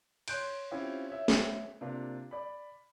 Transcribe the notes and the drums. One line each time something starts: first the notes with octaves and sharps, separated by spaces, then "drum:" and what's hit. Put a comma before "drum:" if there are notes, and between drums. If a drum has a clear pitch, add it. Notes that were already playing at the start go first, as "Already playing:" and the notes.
C#5 C6 F#6 G6 D7, drum: cymbal
C4 C#4 E4 F4 G4 C5
C#5 E5
drum: snare
C3 A#3 D4 F4
D5 B5